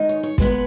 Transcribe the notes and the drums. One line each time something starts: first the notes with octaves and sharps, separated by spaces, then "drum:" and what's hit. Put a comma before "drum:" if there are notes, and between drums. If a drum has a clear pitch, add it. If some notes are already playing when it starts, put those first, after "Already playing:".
Already playing: D#3 G#3 D#4
C#5
C#5
A#2 G#3 B3 B4, drum: kick